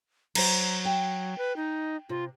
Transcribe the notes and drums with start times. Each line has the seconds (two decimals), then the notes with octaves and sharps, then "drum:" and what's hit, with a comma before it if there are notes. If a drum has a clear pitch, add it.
0.35 F#3 C5 A#5, drum: cymbal
0.85 G5
1.38 B4
1.56 D#4
2.09 C3 F4